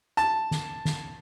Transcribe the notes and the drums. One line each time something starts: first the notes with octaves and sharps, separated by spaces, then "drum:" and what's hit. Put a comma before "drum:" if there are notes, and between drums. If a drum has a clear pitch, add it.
A5, drum: hi-hat
drum: snare
drum: snare